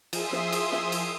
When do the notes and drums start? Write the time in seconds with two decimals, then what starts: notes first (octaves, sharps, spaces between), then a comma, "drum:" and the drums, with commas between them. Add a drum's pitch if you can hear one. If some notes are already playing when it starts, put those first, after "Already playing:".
0.13 F3 G#4 E5 C6 D#6, drum: cymbal
0.33 drum: snare
0.52 drum: cymbal
0.72 drum: snare
0.92 drum: cymbal